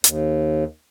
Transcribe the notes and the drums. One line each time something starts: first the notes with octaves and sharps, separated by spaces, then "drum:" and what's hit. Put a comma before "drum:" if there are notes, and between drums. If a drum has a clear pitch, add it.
D#2, drum: hi-hat